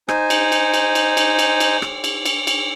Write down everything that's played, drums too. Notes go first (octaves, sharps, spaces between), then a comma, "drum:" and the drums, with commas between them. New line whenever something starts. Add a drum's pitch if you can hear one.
D#4 C5 G#5, drum: rim click
drum: cymbal
drum: cymbal
drum: cymbal
drum: cymbal
drum: cymbal
drum: cymbal
drum: cymbal
drum: rim click
drum: cymbal
drum: cymbal
drum: cymbal